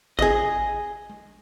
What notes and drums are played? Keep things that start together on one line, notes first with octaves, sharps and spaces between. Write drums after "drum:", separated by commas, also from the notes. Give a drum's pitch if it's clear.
G#4 D#5, drum: kick G#1
drum: tom G#3